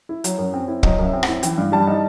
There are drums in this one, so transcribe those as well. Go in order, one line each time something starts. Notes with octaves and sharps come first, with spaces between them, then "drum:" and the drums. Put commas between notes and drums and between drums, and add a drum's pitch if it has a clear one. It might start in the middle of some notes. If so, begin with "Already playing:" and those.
E4
F#3, drum: hi-hat
F#2
C4
E4
F#3 D#5, drum: kick
F#2 E5
C4
F#5, drum: rim click
E4
E3 G5, drum: hi-hat
G2
G3 A5
D#4